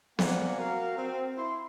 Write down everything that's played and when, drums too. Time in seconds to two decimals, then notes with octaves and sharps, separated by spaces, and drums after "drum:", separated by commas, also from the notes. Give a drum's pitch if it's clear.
0.19 A#3 C4 D5 F5 F#5 G#5, drum: snare B3
0.59 F#4 A#4 F5
0.98 C4
1.37 E4 C6